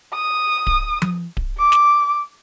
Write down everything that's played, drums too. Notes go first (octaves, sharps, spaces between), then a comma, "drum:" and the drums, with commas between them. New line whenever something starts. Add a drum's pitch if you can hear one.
D#6
drum: kick D1
drum: tom F3
drum: kick D1
D6
drum: snare